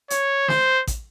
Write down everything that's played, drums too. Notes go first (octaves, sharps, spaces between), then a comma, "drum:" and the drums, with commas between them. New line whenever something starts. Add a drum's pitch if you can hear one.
C#5, drum: hi-hat
C5, drum: snare
drum: kick A1, hi-hat